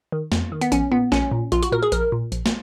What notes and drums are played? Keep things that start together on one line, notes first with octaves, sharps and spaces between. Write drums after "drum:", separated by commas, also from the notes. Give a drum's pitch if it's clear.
D#3
F2, drum: snare
D#3
B3, drum: hi-hat
A#1 C#4, drum: hi-hat
A#2 B3
A#1 C#4, drum: snare
A#2
A#1 F4, drum: hi-hat
F#4, drum: hi-hat
A#2 A#4
G#4
A#1 A#4, drum: hi-hat
A#2
A#1, drum: hi-hat
drum: snare